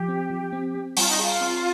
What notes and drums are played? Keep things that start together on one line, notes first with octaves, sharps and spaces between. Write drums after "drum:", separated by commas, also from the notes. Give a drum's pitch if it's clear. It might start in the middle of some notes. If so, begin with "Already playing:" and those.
Already playing: F3 G4
C4
F3
C4
C4
G3 F4, drum: open hi-hat
D#4
F4 G#4
C4